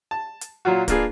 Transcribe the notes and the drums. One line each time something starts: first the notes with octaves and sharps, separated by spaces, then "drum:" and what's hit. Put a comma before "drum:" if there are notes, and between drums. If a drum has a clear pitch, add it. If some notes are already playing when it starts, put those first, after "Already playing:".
A5
drum: hi-hat
A#2 F#3 F4 F#4
A#3 D4 F4 G#4 B4, drum: kick, hi-hat